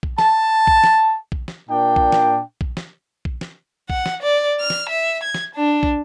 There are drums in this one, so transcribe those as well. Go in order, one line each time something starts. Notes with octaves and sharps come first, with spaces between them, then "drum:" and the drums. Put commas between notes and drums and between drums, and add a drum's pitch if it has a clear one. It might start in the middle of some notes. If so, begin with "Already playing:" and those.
drum: kick
A5, drum: snare
drum: kick
drum: snare
drum: kick
drum: snare
A#2 D4 G5
drum: kick
drum: snare
drum: kick
drum: snare
drum: kick
drum: snare
F#5, drum: kick
drum: snare
D5
F6
drum: snare
E5
G#6
drum: snare
D4
drum: kick